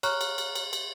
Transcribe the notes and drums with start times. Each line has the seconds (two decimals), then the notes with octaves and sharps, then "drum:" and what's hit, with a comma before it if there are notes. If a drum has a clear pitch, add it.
0.03 C#5 A#5 C#6 F6 F#6, drum: cymbal
0.21 drum: cymbal
0.38 drum: cymbal
0.55 drum: cymbal
0.73 drum: cymbal